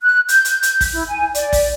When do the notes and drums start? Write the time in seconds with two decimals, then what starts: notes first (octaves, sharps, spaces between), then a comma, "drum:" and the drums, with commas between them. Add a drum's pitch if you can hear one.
0.03 F#6
0.29 G6, drum: hi-hat
0.45 drum: hi-hat
0.63 drum: hi-hat
0.81 drum: kick, open hi-hat
0.94 E4
1.08 G#5
1.35 D5, drum: hi-hat
1.53 drum: kick, open hi-hat